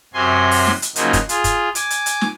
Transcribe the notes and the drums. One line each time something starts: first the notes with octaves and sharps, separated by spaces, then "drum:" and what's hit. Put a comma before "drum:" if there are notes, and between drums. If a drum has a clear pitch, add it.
F#2 C3 F#3 G#5 C6
drum: open hi-hat
drum: snare
drum: hi-hat
C#3 F3 F#3 A#3 D#4, drum: hi-hat
drum: kick, hi-hat
F4 G#4, drum: hi-hat
drum: kick, hi-hat
G#5 D6, drum: hi-hat
drum: hi-hat
drum: hi-hat
drum: snare